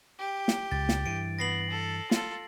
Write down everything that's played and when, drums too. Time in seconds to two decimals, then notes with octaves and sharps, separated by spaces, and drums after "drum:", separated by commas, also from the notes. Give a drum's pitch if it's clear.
0.19 G4
0.48 drum: snare
0.72 C#2 A6
0.89 drum: snare
1.06 G2 E3 D7
1.39 B3 A#6 C7 F#7
1.70 A4
2.11 F4 A4, drum: snare